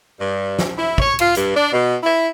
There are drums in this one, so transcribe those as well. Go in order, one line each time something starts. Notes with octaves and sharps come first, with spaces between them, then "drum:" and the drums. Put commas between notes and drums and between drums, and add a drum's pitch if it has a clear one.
G2
drum: snare
E4
C#5, drum: kick
F4, drum: cymbal
G2, drum: hi-hat
D4
B2
E4